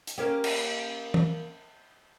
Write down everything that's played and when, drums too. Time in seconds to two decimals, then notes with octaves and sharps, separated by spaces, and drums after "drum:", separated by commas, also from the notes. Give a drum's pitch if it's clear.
0.07 drum: hi-hat
0.18 A#3 C#4 G4
0.44 drum: cymbal
1.14 drum: tom